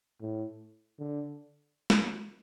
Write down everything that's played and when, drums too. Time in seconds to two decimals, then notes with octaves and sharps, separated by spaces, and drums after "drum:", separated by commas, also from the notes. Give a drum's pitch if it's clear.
0.22 A2
0.99 D3
1.90 drum: snare